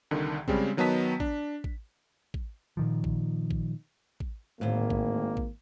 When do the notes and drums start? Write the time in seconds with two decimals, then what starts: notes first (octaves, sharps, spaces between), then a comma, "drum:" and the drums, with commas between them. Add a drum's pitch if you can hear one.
0.11 C2 D3 D#3
0.48 C#3 G3 G#3 C4, drum: kick A1
0.77 D#3 F#3 B3 D#5 A5 B6
1.20 D4, drum: kick A1
1.64 drum: kick A1
2.34 drum: kick A1
2.77 A#2 D#3 F3
3.04 drum: kick A1
3.51 drum: kick A1
4.20 drum: kick A1
4.61 G#1 D2 A2 A#3
4.90 drum: kick A1
5.37 drum: kick A1